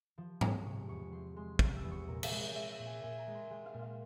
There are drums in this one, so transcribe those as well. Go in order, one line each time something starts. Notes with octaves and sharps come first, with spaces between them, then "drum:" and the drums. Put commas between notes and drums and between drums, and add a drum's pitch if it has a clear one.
F3
G#3, drum: tom G#2
C3 C#6
E2 C#6
F3 C6
G#3 C6
C3 C#6, drum: kick
E6
E2
C#6
A#2 A#5
E5, drum: cymbal
G#3
C#5
G#3 E5
E5
A#2
G#5
A#2 G#5
A#5
G#3
C6
G#3 G5
F5
A#2
F5